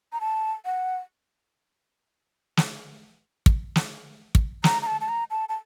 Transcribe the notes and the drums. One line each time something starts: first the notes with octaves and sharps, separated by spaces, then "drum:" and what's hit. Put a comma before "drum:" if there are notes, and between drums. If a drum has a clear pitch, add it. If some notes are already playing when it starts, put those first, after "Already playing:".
A#5
A5
F#5
drum: snare
drum: kick
drum: snare
drum: kick
A#5, drum: snare
A#5
A5
A5
A#5
A5
A5